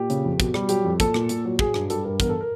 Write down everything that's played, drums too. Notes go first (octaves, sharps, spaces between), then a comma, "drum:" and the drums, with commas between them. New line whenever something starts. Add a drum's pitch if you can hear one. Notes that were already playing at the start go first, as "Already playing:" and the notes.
Already playing: A#2 G4
C#3, drum: hi-hat
F2
B2, drum: kick, hi-hat
G3, drum: rim click
F#3 G4, drum: hi-hat
F2
A#2 A4, drum: kick, hi-hat
A#2, drum: rim click
A#2, drum: hi-hat
F#3
F#3 G#4, drum: kick
G2, drum: rim click
G3 A4, drum: hi-hat
G2 A#4
E2 A#4, drum: kick, hi-hat
A4
A#4